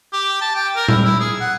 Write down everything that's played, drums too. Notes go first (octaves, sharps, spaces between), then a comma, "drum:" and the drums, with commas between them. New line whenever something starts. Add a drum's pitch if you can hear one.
G4
A5
G5
A#4
E4, drum: tom A#2
E4
G#4
F#5